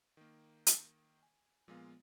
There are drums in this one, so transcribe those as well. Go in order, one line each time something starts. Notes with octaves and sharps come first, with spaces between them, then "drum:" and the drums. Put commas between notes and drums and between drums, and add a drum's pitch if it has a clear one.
D#3 A#3
drum: hi-hat
G#5
A#2 F3 G#3 B3 F4